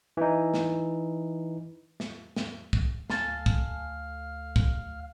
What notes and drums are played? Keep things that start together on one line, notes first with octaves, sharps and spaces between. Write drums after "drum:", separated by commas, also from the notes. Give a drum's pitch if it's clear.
E3 D#4
drum: snare
drum: snare
drum: snare
drum: kick
D2 A4 F5 G#5 A5 F6, drum: snare
drum: kick
drum: kick